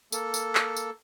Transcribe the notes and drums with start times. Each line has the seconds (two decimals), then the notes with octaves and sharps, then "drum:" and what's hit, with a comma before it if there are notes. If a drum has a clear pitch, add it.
0.12 A#3 A4, drum: tambourine
0.34 drum: tambourine
0.55 drum: clap
0.77 drum: tambourine